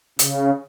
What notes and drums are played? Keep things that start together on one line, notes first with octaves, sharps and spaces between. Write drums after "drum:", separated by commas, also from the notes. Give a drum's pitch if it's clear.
C#3, drum: hi-hat